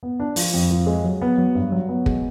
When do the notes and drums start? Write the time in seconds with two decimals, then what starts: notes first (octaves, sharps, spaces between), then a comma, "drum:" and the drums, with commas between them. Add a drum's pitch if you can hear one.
0.03 B3
0.20 D4
0.36 F3, drum: open hi-hat
0.54 F2
0.70 F3
0.86 G#3
1.04 F#3
1.21 B3
1.38 F#3
1.55 G2
1.72 F#3
1.89 B3
2.06 G#3, drum: kick